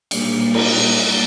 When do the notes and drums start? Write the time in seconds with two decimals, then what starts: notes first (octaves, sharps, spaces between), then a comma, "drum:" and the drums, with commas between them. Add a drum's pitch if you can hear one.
0.11 A#2 G3 A#3, drum: cymbal
0.54 drum: cymbal